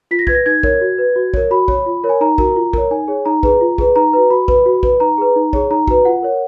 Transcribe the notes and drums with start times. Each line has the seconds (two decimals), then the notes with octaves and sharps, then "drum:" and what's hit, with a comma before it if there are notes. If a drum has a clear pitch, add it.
0.11 F4 B6
0.19 A#6
0.27 B4 G#6, drum: kick
0.35 A#6
0.46 D#4 G#6
0.63 A#4 C#5, drum: kick
0.81 F#4
0.98 B4
1.16 F#4
1.34 A#4 C#5, drum: kick
1.51 F#4 B5
1.68 C#5, drum: kick
1.86 F4
2.04 A#4 C#5
2.09 G#5
2.21 D#4 A#5
2.38 F#4 A#4, drum: kick
2.56 F4
2.73 A#4 C#5, drum: kick
2.91 D#4 G#5
3.08 G#4 C#5
3.25 D#4 A#5
3.43 G#4 B4, drum: kick
3.61 F4
3.78 G#4 B4, drum: kick
3.96 D#4 A#5
4.13 F#4 B4
4.30 F#4 B5
4.48 B4, drum: kick
4.66 F#4
4.83 B4, drum: kick
5.00 D#4 A#5
5.18 G#4 B4
5.36 D#4
5.53 G#4 C#5, drum: kick
5.70 D#4 A#5
5.88 F#4 B4, drum: kick
6.05 F4 F#5
6.22 A#4 C#5